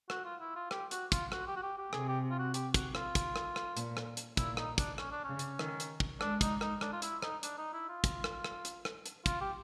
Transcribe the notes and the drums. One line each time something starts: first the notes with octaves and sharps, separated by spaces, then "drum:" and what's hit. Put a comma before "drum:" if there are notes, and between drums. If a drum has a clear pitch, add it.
F#4, drum: rim click
F4
E4
F4
G4, drum: rim click
F#4, drum: hi-hat
F4, drum: kick, hi-hat
F#4, drum: rim click
G4
F#4
G4
G4
C3 G#4, drum: rim click
G4
F4
F#4
G4, drum: hi-hat
F#4, drum: kick, hi-hat
F4, drum: rim click
drum: kick, hi-hat
drum: rim click
drum: rim click
A#2, drum: hi-hat
drum: rim click
drum: hi-hat
A#2 E4, drum: kick, hi-hat
D#4, drum: rim click
D4, drum: kick, hi-hat
C#4, drum: rim click
D4
C#3 C#4
drum: hi-hat
D#3, drum: rim click
drum: hi-hat
drum: kick
G#3 D4, drum: rim click
D#4, drum: kick, hi-hat
D#4, drum: rim click
D4, drum: rim click
F4
E4, drum: hi-hat
D#4, drum: rim click
D4, drum: hi-hat
D#4
E4
F4
drum: kick, hi-hat
drum: rim click
drum: rim click
drum: hi-hat
drum: rim click
drum: hi-hat
F4, drum: kick, hi-hat
G4